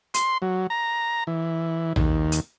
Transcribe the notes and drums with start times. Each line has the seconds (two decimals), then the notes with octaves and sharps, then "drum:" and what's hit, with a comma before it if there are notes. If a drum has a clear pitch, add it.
0.14 C6, drum: hi-hat
0.42 F#3
0.70 A#5
1.27 E3
1.96 D#2, drum: tom A#1
2.32 drum: hi-hat